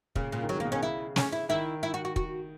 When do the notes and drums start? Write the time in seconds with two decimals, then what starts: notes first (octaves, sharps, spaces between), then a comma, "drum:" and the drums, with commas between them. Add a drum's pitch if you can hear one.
0.16 A#2 C#3, drum: kick
0.32 A#2
0.43 D#3
0.49 C#3 F#3
0.57 D#3 A#3
0.65 B2
0.72 C#3 C#4
0.83 E4
1.16 C#4, drum: snare
1.32 E4
1.49 D#3 E4
1.83 E4
1.94 F#4
2.05 F#4
2.16 F#4, drum: kick